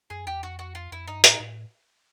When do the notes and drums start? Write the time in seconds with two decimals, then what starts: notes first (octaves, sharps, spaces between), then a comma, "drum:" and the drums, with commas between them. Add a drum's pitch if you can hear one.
0.10 F#2 G#4
0.27 E2 G4
0.43 F2 F#4
0.59 F#4
0.75 F4
0.92 F2 E4
1.08 G2 D#4
1.24 A2 D#4, drum: hi-hat
1.40 A2